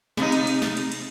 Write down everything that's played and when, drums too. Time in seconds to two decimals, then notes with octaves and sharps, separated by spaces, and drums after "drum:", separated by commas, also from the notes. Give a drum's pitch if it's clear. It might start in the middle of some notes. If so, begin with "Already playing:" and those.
0.17 C3 D#4, drum: snare
0.32 drum: cymbal
0.47 drum: cymbal
0.62 drum: snare
0.77 drum: cymbal
0.92 drum: cymbal